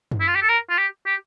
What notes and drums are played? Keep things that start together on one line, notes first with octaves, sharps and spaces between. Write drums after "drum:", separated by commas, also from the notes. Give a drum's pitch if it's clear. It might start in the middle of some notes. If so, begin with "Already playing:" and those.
drum: tom F#2
E4
F4
G4
A4
A#4
F4
G4
G4